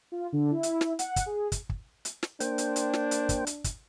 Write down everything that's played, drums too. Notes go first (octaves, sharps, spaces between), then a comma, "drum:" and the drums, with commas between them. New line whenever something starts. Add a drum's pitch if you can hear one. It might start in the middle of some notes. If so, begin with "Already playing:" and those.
F4
D3
E4
drum: hi-hat
drum: snare
F#5, drum: hi-hat
drum: kick, hi-hat
G#4
drum: kick, hi-hat
drum: kick
drum: hi-hat
drum: snare
A#3 D4 C5 G5, drum: hi-hat
drum: hi-hat
drum: hi-hat
drum: snare
drum: hi-hat
drum: kick, hi-hat
drum: hi-hat
drum: kick, hi-hat